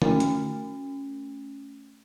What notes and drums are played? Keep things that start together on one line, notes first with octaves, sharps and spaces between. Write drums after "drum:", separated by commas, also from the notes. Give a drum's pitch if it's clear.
A3 C#4, drum: tom
drum: hi-hat